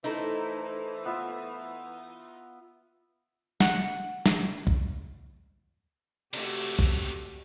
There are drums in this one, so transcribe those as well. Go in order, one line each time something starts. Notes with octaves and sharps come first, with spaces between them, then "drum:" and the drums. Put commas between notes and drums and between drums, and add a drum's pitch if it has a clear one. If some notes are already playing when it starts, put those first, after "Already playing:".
E3 A3 D#4 E4 C5
B3 F4 E5
F#5, drum: snare
drum: snare
drum: kick
C3 A3 F#4 G4 C#5, drum: cymbal
drum: kick